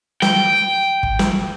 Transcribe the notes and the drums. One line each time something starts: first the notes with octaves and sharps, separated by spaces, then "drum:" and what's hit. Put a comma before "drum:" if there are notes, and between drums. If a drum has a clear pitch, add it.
G5, drum: snare
drum: kick
drum: snare